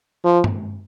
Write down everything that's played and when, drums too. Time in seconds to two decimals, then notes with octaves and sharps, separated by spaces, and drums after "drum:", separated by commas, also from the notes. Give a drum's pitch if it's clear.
0.25 F3
0.44 drum: tom